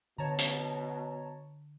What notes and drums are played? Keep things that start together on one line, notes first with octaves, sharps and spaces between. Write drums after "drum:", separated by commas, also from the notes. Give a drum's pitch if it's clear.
B2 D3 C#5 A5 A#5
drum: hi-hat